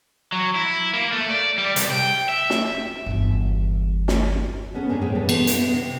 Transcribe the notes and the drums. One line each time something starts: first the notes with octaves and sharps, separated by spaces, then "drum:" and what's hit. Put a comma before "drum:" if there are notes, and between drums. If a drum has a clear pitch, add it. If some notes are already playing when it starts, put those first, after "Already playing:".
F#3
E4
A#3
A3
D5
G3
C2, drum: hi-hat
G5
E5
drum: snare
G1 E2
drum: snare
B3 C#4 G#4 A4
G#2 G#3 A3 D4 G#4
A2 G#4 C#5 G5 G#5
B2 E3 G#3 B3 G4 A4
drum: cymbal
B3 E4, drum: hi-hat
C3